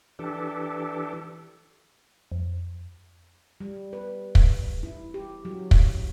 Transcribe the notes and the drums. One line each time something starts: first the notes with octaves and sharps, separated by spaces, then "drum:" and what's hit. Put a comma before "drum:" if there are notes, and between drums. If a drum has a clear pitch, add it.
E3 D4 G4 A4
F2
G3
B4
drum: kick
E4
G4
F#3
drum: kick